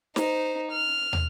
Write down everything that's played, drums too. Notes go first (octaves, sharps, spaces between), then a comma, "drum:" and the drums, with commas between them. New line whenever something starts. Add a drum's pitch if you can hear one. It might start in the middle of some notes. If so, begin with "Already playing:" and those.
D#4 C5, drum: snare
F6
drum: tom